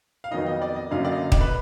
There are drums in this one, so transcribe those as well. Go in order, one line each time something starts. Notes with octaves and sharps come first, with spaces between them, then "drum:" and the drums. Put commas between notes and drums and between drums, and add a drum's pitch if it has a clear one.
F5
F2 D#3 F#3 B3 D#4 D#5
D#5
D5
D#5
F#2 D3 F#3 A#3 D#4 F5
D5
D#5
D5, drum: kick D#1
B4